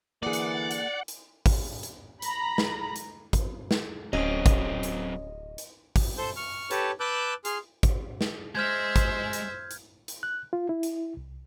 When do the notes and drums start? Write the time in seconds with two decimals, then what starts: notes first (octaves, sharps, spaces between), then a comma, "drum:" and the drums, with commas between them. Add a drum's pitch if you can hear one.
0.23 D3 E3 A#3 G#4 D5 F#5
0.33 drum: hi-hat
0.71 drum: hi-hat
1.08 drum: hi-hat
1.46 drum: kick G#1, open hi-hat
1.83 drum: hi-hat
2.22 A#5 B5, drum: hi-hat
2.58 drum: snare
2.96 drum: hi-hat
3.33 drum: kick G#1, hi-hat
3.71 drum: snare
4.13 D1 F#3 C4 C#4 D#5
4.46 drum: kick G#1, hi-hat
4.83 drum: hi-hat
5.58 drum: hi-hat
5.96 drum: kick G#1, open hi-hat
6.18 A4 C5 G6
6.36 C#6 F6
6.71 G4 A4 B4 C#5 A5, drum: hi-hat
7.00 B4 A5 D6 E6 F#6 G6
7.45 G#4 C6 F6, drum: hi-hat
7.83 drum: kick G#1, hi-hat
8.21 drum: snare
8.55 G#3 C5 E5 F6 G6 G#6
8.96 drum: kick G#1, hi-hat
9.33 drum: hi-hat
9.71 drum: hi-hat
10.08 drum: hi-hat
10.23 F#6
10.53 F4
10.69 E4
10.83 drum: hi-hat
11.17 C2